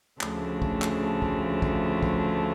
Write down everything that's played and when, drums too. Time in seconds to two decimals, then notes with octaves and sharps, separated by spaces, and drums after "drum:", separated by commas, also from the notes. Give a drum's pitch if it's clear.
0.21 D2 C#3 F3 A3 D4, drum: clap
0.62 drum: kick
0.82 drum: clap
1.22 drum: kick
1.62 drum: kick
2.03 drum: kick